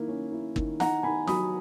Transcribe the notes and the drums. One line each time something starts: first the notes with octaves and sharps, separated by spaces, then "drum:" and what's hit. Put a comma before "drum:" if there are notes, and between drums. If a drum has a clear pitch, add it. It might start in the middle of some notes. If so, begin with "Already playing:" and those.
Already playing: D#3 A#3 E4
C#4
E4
D#3, drum: kick
D#4 F#5 A#5, drum: snare
D#3 G#5 B5
F#3 B5 D#6, drum: snare